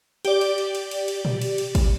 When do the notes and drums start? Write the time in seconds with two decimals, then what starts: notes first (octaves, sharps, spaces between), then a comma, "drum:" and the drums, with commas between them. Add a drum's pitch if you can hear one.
0.25 G4 D5, drum: cymbal
0.41 drum: cymbal
0.58 drum: cymbal
0.75 drum: cymbal
0.91 drum: cymbal
1.08 drum: cymbal
1.25 drum: tom A#2
1.41 drum: cymbal
1.58 drum: cymbal
1.75 drum: kick, cymbal